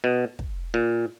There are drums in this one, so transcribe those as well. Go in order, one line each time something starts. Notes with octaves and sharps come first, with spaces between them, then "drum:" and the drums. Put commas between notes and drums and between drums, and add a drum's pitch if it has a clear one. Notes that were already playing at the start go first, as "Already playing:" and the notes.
B2
drum: kick
A#2